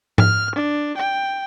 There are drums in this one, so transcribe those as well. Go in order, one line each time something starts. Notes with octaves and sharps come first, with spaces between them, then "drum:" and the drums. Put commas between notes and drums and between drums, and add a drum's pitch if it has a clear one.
F6, drum: tom G#2
D4
G5